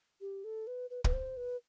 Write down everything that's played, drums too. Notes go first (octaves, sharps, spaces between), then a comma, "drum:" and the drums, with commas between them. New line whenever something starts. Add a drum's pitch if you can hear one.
G4
A4
B4
B4
B4, drum: kick
C5
B4